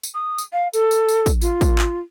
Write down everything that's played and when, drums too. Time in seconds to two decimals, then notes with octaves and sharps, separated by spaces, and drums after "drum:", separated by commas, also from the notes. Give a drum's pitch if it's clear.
0.03 drum: tambourine
0.15 D#6
0.38 drum: tambourine
0.53 F5
0.73 A4, drum: tambourine
0.91 drum: tambourine
1.08 drum: tambourine
1.26 drum: kick, tambourine
1.41 F4, drum: tambourine
1.61 drum: kick, tambourine
1.79 drum: clap